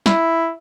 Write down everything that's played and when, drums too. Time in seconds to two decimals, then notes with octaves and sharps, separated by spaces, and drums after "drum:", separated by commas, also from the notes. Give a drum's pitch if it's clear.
0.06 E4, drum: snare